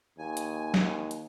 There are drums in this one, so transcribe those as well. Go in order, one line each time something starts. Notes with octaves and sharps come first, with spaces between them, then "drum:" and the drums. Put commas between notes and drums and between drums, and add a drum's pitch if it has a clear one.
D#2 G#5
drum: hi-hat
drum: snare
drum: hi-hat